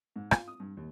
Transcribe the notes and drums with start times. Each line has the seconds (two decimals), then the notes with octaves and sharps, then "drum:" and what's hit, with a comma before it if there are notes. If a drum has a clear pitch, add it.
0.16 G#2
0.31 F4, drum: rim click
0.48 D#6
0.60 G2
0.77 D#2